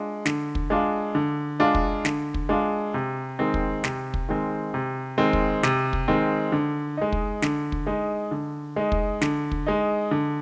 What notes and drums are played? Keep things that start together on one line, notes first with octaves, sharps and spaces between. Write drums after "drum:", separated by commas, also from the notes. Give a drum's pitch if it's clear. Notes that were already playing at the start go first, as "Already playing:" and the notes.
Already playing: G#3 D4 F4
D3, drum: snare
drum: kick
G#3 D4 F4
D3
G#3 D4 F4
drum: kick
D3, drum: snare
drum: kick
G#3 D4 F4
C3
D#3 G#3 C4
drum: kick
C3, drum: snare
drum: kick
D#3 G#3 C4
C3
D#3 G#3 C4
drum: kick
C3, drum: snare
drum: kick
D#3 G#3 C4
D3
G#3 D#4
drum: kick
D3, drum: snare
drum: kick
G#3 D#4
D3
G#3 D#4
drum: kick
D3, drum: snare
drum: kick
G#3 D#4
D3